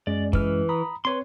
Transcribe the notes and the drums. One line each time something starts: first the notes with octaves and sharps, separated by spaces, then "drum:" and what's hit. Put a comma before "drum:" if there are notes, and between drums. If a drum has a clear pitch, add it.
F#2 G#3 C#4 D5
E3 B4 F6, drum: kick
A#5 B5 D#6
C4 B4 C#5 C6